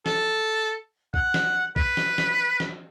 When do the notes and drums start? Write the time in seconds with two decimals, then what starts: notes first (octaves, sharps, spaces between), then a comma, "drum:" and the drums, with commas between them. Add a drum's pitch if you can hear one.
0.06 A4, drum: snare
1.14 F#5, drum: kick B1
1.34 drum: snare
1.76 B4, drum: kick B1
1.97 drum: snare
2.18 drum: snare
2.60 drum: snare